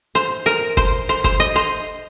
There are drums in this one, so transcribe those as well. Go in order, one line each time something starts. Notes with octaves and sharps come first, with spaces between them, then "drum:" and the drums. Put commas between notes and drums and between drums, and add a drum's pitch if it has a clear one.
C5
A#4
C5, drum: kick F#1
C5
C5, drum: kick F#1
D#5
C5